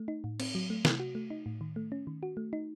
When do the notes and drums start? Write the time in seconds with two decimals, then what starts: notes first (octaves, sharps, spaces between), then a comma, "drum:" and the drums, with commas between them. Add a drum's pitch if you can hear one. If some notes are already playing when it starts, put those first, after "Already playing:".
Already playing: A3
0.08 D#4
0.24 A2
0.40 C4, drum: cymbal
0.55 F#3
0.70 A3
0.85 C3, drum: snare
1.00 F#4
1.15 A3
1.30 D#4
1.46 A2
1.61 D#3
1.76 A3
1.92 C#4
2.07 D#3
2.23 F#4
2.37 A3
2.53 D#4